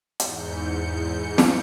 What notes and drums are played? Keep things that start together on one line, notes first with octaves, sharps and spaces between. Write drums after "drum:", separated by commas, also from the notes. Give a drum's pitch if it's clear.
E2 G#2 G6 C#7, drum: hi-hat
drum: snare